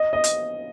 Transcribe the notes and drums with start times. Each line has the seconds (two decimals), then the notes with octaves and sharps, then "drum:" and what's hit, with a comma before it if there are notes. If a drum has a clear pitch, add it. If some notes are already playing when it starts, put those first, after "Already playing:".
Already playing: D#5
0.13 D#5
0.24 drum: hi-hat